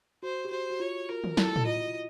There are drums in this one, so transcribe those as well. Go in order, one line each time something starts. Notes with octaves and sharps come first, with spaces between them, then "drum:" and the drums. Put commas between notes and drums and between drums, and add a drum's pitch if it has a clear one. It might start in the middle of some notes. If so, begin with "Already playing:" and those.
F#4 C5
G4
F#4 C5
F#4
F4 C#5
F4 A#4
drum: tom D#3
E4 A4, drum: snare
drum: tom A2
F4 D#5